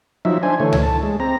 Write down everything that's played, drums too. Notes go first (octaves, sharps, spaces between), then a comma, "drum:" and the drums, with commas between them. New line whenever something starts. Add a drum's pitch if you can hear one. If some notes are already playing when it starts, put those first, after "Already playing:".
F3 F#3 D#4 E5
D4 C5 G#5
D3 E3 A3 C#5
drum: tom C#2
A5
G#3
C4 A#5